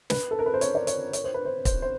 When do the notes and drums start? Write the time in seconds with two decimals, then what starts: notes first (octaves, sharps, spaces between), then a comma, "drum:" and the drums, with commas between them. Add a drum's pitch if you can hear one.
0.10 B4, drum: snare
0.31 A4
0.39 A#4
0.46 B4
0.54 C5
0.61 C#5, drum: hi-hat
0.75 D5
0.87 C#5, drum: hi-hat
1.13 C#5, drum: hi-hat
1.24 C5
1.34 B4
1.45 C5
1.65 C5, drum: kick, hi-hat
1.82 C5